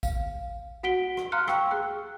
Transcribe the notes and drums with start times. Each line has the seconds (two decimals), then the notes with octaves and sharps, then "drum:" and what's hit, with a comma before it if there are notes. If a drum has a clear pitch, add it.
0.03 F5, drum: kick A1, tambourine
0.83 F#4 F#5 B6 D7 G7
1.17 drum: rim click
1.32 F5 A#5 C6 F6 F#6 C#7
1.48 F5 G5 C#6 E6 C#7, drum: rim click
1.71 G#4 F#6